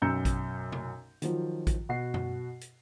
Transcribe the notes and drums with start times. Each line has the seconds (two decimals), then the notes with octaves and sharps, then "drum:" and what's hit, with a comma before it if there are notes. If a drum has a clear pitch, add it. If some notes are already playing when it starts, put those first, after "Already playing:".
0.02 B1 F#2 A#5 E6 G6 C#7
0.25 drum: kick A1, hi-hat
0.72 drum: tom C3
1.22 D#3 F3 F#3, drum: hi-hat
1.67 drum: kick A1, hi-hat
1.89 B2 F#4 C7
2.14 drum: tom F#2
2.61 drum: hi-hat